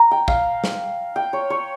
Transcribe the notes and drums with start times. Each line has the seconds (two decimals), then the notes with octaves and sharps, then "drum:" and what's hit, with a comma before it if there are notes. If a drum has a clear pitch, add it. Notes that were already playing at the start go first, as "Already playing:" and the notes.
Already playing: A#5
0.11 G5
0.28 F5, drum: kick
0.64 drum: snare
1.16 G5
1.33 C#5
1.50 C#5